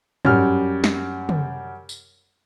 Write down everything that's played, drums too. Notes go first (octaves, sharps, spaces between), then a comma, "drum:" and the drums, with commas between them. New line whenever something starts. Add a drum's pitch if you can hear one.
F#2 G3 F6, drum: tom
drum: snare
drum: tom
drum: tambourine